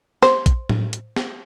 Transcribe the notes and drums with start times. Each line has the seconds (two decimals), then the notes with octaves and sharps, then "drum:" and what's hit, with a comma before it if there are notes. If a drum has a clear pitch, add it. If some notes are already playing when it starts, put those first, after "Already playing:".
0.22 C5, drum: snare
0.46 drum: kick, hi-hat
0.69 drum: tom A2
0.93 drum: hi-hat
1.16 drum: snare